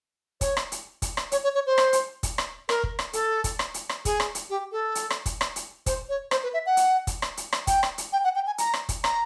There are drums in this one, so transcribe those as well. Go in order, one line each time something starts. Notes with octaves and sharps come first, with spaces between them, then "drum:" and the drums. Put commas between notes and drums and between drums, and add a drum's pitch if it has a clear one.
C#5, drum: kick, hi-hat
drum: rim click
drum: hi-hat
drum: kick, hi-hat
drum: rim click
C#5, drum: hi-hat
C#5
C#5
C5
drum: rim click
drum: hi-hat
drum: kick, hi-hat
drum: rim click
A#4, drum: rim click
drum: kick
drum: rim click
A4, drum: hi-hat
drum: kick, hi-hat
drum: rim click
drum: hi-hat
drum: rim click
G#4, drum: kick, hi-hat
drum: rim click
drum: hi-hat
G4
A4
drum: hi-hat
drum: rim click
drum: kick, hi-hat
drum: rim click
drum: hi-hat
C5, drum: kick, hi-hat
C#5
C5, drum: rim click
B4
E5
F#5
drum: hi-hat
drum: kick, hi-hat
drum: rim click
drum: hi-hat
drum: rim click
G5, drum: kick, hi-hat
drum: rim click
drum: hi-hat
G5
F#5
G5
G#5
A#5, drum: hi-hat
drum: rim click
drum: kick, hi-hat
A#5, drum: rim click